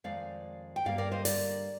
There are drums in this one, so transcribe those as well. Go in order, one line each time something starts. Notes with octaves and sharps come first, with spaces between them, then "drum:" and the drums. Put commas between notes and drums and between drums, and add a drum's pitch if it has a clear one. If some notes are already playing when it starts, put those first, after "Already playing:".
F2 D#3 G#3 D5 F5
G5
G2 D3 G3 A#3 D5 F5
A#4 D5
C5 D#5
A#4 D5, drum: open hi-hat